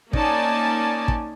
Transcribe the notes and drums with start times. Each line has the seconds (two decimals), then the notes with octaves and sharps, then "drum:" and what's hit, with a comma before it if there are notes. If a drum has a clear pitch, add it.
0.13 A#3 C#4 D#4 D5 G#5 A5, drum: kick
1.08 drum: kick